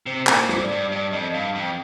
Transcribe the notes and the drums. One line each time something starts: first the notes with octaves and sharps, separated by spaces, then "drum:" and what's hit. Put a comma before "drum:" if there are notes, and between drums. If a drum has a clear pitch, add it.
C3 C5
A#2 A#4, drum: clap
C5
G2, drum: rim click
D5
G2
G2 D5
F2 D#5
G2 F5
F2 G5